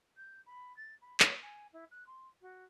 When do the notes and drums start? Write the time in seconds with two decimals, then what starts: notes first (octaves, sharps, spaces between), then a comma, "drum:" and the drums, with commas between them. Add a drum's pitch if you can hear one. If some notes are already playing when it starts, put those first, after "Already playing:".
0.16 G6
0.46 B5
0.76 A6
1.01 B5
1.20 C#5, drum: clap
1.42 G#5
1.73 E4
1.91 F#6
2.06 C6
2.41 F#4